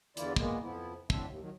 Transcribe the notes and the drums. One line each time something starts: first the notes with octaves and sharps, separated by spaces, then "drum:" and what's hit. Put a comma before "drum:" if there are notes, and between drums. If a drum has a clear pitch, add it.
E2 D3 E3 E4 F4 D5, drum: hi-hat
A#2 G#3 A#3 B3, drum: kick
F2 F3 B3 E4
A2 D3 C4 D4 E5, drum: kick
D#2
D#3 F#3